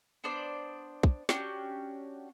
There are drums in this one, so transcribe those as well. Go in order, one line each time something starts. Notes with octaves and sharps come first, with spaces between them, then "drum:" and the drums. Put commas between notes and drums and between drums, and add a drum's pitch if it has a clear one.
B3 D4 C5 D5
drum: kick
C#4 D4 F#4 G4, drum: snare